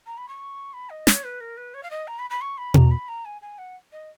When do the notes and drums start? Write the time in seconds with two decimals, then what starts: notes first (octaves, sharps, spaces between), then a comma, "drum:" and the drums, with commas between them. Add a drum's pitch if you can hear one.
0.06 A#5
0.17 B5
0.28 C#6
0.73 B5
0.90 D#5
1.07 C#5, drum: snare
1.24 B4
1.40 A#4
1.57 B4
1.74 C#5
1.83 F5
1.90 D#5
2.07 A#5
2.19 B5
2.30 B5
2.41 C#6
2.58 B5
2.74 A#5, drum: tom
2.91 B5
3.08 A#5
3.25 G#5
3.42 G#5
3.58 F#5
3.92 D#5